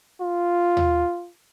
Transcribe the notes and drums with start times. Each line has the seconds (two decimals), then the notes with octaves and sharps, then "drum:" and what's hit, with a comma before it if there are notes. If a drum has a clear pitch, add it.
0.21 F4
0.77 drum: tom D#2